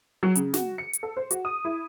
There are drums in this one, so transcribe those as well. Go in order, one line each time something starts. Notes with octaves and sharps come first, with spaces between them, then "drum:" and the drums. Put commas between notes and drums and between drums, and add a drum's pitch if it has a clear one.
F#3
C#3, drum: hi-hat
F#4, drum: snare
C#7
drum: hi-hat
A4
C5
F#4, drum: hi-hat
D#6
E4